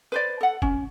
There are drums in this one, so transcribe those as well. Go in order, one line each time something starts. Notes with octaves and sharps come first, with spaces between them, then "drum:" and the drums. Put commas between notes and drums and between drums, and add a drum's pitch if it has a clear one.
B4 C5 D5
A4 F#5
C#4, drum: kick